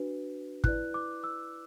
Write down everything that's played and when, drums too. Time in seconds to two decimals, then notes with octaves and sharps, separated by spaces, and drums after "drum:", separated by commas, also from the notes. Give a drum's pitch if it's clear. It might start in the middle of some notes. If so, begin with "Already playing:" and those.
Already playing: D4 F#4 B4
0.64 E4 B4 D5 F#6, drum: kick
0.94 D6
1.24 E6